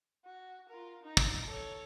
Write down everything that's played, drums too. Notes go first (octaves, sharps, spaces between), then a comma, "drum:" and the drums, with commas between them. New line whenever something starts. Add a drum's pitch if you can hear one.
F#4
F4 A#4
D#4
drum: kick
A4 C#5